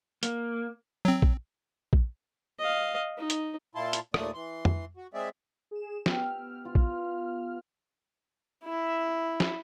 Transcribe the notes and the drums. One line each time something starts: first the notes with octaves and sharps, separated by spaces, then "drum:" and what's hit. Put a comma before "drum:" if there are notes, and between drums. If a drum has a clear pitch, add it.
A#3, drum: hi-hat
F#3 C4
drum: kick A#1
drum: kick A#1
D#5 F5
D#4
drum: hi-hat
A#2 E4 F4 A5 C6
drum: hi-hat
D#2 A#2 A3 D5 D#6, drum: rim click
E3 C6
drum: tom
F#4
G#3 C4 G#4 D5 E5
G#4 E7
B3 G4 E5 G5 F6, drum: snare
F4
drum: kick A#1
E4 E5
drum: snare